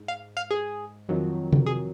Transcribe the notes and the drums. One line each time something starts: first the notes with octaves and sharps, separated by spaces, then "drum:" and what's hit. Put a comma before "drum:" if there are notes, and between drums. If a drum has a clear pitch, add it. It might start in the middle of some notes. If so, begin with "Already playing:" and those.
Already playing: G#2
F5
F5
G#4
F2 D#3 F#3
drum: tom C3
G#4